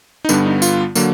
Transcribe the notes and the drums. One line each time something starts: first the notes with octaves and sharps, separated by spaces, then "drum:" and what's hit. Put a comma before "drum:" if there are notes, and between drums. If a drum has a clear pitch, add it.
D#4
G2 D3 G3 B3 D4, drum: tambourine
D#4
F4, drum: tambourine
D3 F#3 A#3, drum: tambourine